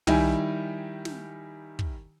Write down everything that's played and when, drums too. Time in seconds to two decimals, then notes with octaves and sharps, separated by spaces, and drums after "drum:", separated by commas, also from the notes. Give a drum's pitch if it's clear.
0.07 D#3 G3 E4 G#5, drum: tom
1.05 drum: snare
1.79 drum: kick